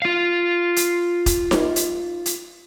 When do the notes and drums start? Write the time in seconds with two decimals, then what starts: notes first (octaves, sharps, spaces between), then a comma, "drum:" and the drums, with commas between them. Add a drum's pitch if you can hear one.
0.02 F4 F5
0.76 drum: hi-hat
1.26 drum: kick, hi-hat
1.51 drum: snare D#4
1.76 drum: hi-hat
2.26 drum: hi-hat